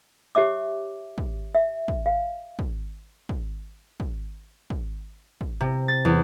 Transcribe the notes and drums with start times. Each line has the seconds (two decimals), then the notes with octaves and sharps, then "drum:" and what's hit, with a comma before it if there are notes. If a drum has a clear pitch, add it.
0.35 G4 C#5 E5 D6
1.18 drum: kick
1.55 E5
1.88 drum: kick
2.06 F5
2.59 drum: kick
3.29 drum: kick
4.00 drum: kick
4.70 drum: kick
5.41 drum: kick
5.61 C3
5.88 A6
6.05 E2